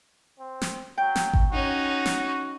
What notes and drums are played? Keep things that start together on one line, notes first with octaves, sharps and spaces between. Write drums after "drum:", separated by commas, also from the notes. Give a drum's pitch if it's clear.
C4
drum: snare
F#3 G5
drum: snare
drum: kick G#1
C#4 D#4 F#4
drum: snare